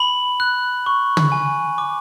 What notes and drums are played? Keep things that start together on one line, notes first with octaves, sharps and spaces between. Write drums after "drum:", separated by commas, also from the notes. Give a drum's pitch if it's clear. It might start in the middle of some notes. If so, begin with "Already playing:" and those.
Already playing: B5 F#7
F#6
C#6
drum: tom
G#5
D6